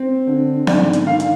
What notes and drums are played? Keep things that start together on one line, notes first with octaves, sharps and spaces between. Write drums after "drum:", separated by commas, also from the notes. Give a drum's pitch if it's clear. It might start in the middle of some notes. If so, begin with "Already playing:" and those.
Already playing: C4
D3
G#2 D5, drum: snare B3
drum: hi-hat
D#3 F5
drum: hi-hat